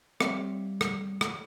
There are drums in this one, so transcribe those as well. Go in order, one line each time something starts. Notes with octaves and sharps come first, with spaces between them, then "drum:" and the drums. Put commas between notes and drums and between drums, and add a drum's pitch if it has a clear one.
G3 C4 C#5 E5 F5, drum: rim click
drum: rim click
drum: rim click